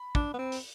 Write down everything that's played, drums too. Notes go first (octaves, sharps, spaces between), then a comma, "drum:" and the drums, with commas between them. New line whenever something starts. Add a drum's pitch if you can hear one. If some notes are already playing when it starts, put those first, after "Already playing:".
Already playing: B5
D4, drum: kick
B3
C4
drum: open hi-hat